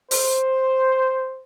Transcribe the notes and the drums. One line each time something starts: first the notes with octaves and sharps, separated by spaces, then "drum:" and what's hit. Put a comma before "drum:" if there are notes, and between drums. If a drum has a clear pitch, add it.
C5, drum: open hi-hat